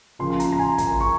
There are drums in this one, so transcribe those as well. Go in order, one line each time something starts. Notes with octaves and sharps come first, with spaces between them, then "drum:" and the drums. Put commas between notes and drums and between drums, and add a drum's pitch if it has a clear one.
C#3 F3 A#3 C6
C6
A#5, drum: hi-hat
A#5
G#5
A#5, drum: kick, hi-hat
C#6